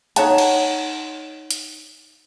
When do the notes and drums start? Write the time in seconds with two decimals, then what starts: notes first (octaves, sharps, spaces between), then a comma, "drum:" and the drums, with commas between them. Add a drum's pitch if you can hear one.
0.16 D#4 C#5 F#5 A5, drum: hi-hat
0.38 drum: cymbal
1.51 drum: hi-hat